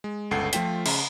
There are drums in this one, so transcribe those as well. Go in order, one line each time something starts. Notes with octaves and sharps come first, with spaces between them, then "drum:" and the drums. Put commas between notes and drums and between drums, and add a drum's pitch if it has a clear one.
G#3
G1 C#2 A4 F#5 C7
F3 A3 F4 G5 B6, drum: hi-hat
C#3, drum: cymbal